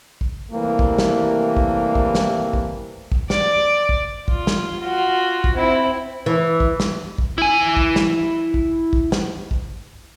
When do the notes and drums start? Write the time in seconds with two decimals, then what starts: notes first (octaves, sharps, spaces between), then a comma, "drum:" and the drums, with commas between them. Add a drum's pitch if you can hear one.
0.21 drum: kick
0.52 C3 E3 G3 A3 A#3 E4
0.79 drum: kick
0.98 drum: snare
1.57 drum: kick
1.95 drum: kick
2.15 drum: snare
2.53 drum: kick
3.12 drum: kick
3.30 D5, drum: snare
3.89 drum: kick
4.28 F4, drum: kick
4.47 drum: snare
4.81 F4 F#4
5.44 drum: kick
5.55 C4 E4
6.26 E3
6.60 drum: kick
6.80 drum: snare
7.18 drum: kick
7.38 E4 G#5
7.77 drum: kick
7.96 drum: snare
8.54 drum: kick
8.93 drum: kick
9.12 drum: snare
9.51 drum: kick